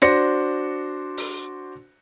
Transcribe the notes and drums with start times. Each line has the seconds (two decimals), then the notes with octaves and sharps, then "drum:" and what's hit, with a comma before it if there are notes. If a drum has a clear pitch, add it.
0.02 D4 F#4 C5 A#6 C#7, drum: snare
1.17 drum: open hi-hat